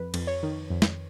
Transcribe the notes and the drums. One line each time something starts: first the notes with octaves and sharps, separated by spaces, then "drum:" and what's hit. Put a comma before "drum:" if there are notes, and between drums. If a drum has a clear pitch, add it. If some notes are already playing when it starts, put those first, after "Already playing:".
Already playing: F2 B4
F2, drum: cymbal
C#5
D#3
F2
drum: snare